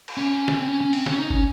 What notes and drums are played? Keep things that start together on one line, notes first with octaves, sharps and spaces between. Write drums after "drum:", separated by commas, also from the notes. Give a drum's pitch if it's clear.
drum: cymbal
C#4
drum: snare
C4
C#4
C#4
C4, drum: open hi-hat
C#4, drum: snare
D#4
C#4, drum: kick